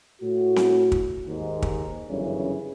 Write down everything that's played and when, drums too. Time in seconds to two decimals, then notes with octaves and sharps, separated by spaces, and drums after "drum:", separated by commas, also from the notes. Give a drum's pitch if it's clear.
0.22 A2 F#4
0.56 drum: snare C4
0.92 drum: kick
1.27 D#2 G#2
1.62 drum: kick
2.09 G1 F#2 C#3 E3 C#4